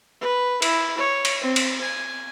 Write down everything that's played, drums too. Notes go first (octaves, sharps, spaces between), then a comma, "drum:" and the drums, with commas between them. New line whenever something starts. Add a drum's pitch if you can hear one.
B4
E4, drum: cymbal
C#5
drum: cymbal
C4
drum: cymbal
G#5